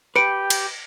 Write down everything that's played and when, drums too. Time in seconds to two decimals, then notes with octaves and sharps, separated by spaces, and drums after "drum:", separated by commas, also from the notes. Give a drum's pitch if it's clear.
0.16 G4 B4 G5 C#7 D7
0.50 drum: cymbal